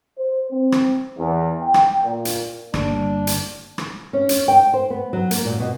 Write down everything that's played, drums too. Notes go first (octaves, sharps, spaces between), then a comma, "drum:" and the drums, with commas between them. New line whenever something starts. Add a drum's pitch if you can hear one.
C5
C4
drum: rim click
E2
G5
drum: rim click
A#2
drum: hi-hat
G1 G3 A#3 D4, drum: rim click
drum: hi-hat
drum: rim click
C#4
drum: hi-hat
G5
C5
B3
F#3
A#3, drum: hi-hat
A#2
B2